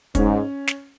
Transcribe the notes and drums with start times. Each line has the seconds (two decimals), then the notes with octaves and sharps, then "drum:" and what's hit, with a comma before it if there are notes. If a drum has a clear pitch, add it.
0.15 G#2 C#4, drum: kick, hi-hat
0.67 drum: snare